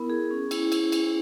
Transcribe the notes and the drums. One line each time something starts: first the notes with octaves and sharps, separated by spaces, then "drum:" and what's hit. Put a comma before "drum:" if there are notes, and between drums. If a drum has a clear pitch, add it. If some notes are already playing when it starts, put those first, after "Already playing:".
Already playing: B3 E4 A#4
G#4
C#4
E4, drum: cymbal
E4, drum: cymbal
drum: cymbal